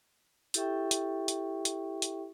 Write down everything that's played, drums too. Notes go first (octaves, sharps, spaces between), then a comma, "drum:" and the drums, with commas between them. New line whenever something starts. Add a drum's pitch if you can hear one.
E4 G4 A4 E5 G5 C#6, drum: hi-hat
drum: hi-hat
drum: hi-hat
drum: hi-hat
drum: hi-hat